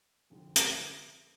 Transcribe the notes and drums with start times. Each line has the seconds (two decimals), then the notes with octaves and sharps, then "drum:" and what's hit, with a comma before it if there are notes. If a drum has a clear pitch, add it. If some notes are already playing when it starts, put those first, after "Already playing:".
0.30 F1 F2 D3 G#3
0.56 drum: hi-hat